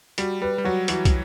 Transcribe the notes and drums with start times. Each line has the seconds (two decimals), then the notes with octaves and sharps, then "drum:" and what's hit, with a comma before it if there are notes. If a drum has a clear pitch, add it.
0.18 G3 F#4, drum: hi-hat
0.42 G3 B4
0.58 G3
0.64 F#3 F#4
0.88 E3 F#4, drum: hi-hat
1.05 drum: kick, hi-hat